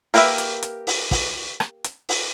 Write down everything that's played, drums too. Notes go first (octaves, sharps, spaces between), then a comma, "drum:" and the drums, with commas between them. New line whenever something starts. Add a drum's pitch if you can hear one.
A#3 G4 A#4 B4 E5, drum: open hi-hat
drum: hi-hat
drum: hi-hat
drum: open hi-hat
drum: kick, open hi-hat
drum: rim click
drum: hi-hat
drum: open hi-hat